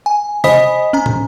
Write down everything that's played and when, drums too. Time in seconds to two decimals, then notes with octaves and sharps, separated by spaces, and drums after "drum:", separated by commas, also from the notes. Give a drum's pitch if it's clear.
0.06 G#5
0.44 C5 D#5 G#5 B5 D#6 B6, drum: tom C3
0.93 C#4 G#5 A#5
1.06 drum: tom